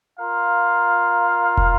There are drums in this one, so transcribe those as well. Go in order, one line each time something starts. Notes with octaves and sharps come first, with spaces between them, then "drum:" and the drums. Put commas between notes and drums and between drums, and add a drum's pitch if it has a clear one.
F4 A#4 F5
drum: kick